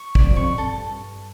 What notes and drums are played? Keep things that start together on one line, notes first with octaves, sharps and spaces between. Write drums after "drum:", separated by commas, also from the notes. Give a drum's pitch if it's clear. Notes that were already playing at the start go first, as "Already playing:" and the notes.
Already playing: C#6
D5, drum: kick
F2
C#6
G2 A4